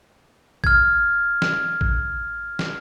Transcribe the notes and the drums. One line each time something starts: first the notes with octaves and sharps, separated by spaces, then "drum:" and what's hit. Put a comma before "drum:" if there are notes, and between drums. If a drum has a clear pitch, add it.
F6 G#6, drum: kick A1
drum: snare
drum: kick A1
drum: snare